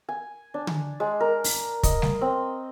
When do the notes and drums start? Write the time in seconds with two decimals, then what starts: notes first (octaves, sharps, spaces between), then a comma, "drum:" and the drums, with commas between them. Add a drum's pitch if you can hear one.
0.09 G#5
0.54 D4
0.67 drum: tom D3
1.00 G#3
1.20 A#4
1.44 drum: open hi-hat
1.83 D#5, drum: kick, hi-hat
2.02 drum: snare G3
2.21 C4